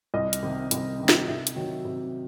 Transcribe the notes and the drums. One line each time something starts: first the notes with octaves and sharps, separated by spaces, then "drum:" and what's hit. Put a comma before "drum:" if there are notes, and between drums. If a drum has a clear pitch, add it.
C2 D#5
drum: hi-hat
C3 D#3
C2, drum: hi-hat
C3 D#3
drum: snare
C3 E5
drum: hi-hat
D#3 F#3
C3